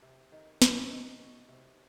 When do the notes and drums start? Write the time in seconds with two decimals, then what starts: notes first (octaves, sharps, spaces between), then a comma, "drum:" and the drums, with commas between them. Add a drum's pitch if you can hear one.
0.02 C3
0.32 D#3
0.62 C3, drum: snare
0.90 D#4
1.20 F#4
1.48 C3